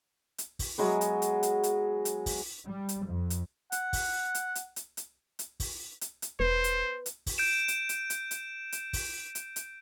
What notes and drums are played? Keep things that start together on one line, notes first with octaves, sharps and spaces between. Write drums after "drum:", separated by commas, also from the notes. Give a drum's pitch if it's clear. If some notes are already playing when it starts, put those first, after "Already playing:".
drum: hi-hat
drum: kick, open hi-hat
F#3 G#3 B3
drum: hi-hat
drum: hi-hat
drum: hi-hat
drum: hi-hat
drum: hi-hat
drum: kick, open hi-hat
G3
drum: hi-hat
F2
drum: hi-hat
F#5, drum: hi-hat
drum: kick, open hi-hat
drum: hi-hat
drum: hi-hat
drum: hi-hat
drum: hi-hat
drum: hi-hat
drum: kick, open hi-hat
drum: hi-hat
drum: hi-hat
E1 B4 C5
drum: hi-hat
drum: hi-hat
drum: kick, open hi-hat
G6 D7 E7
drum: hi-hat
drum: hi-hat
drum: hi-hat
drum: hi-hat
drum: hi-hat
drum: kick, open hi-hat
drum: hi-hat
drum: hi-hat